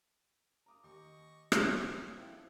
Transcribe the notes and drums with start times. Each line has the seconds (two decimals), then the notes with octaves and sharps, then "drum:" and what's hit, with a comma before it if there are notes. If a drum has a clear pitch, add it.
0.66 A#5 D6 D#6
0.84 D#2 D#5 C#6 D6
1.52 drum: rim click
1.70 F#3 C#5 F5 G5 G#5
2.16 F3 E4 F4 A4 C5 G5